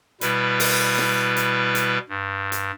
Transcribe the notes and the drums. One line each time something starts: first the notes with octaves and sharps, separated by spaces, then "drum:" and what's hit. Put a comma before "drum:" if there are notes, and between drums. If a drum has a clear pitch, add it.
B2 G3 E4 B4, drum: hi-hat
drum: open hi-hat
drum: snare
drum: hi-hat
drum: hi-hat
G2
drum: hi-hat